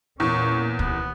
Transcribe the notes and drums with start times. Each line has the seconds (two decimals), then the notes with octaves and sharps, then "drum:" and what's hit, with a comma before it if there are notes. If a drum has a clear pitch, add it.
0.20 E2 A#2 A#3 C#4 C#6
0.79 D#2 B3, drum: kick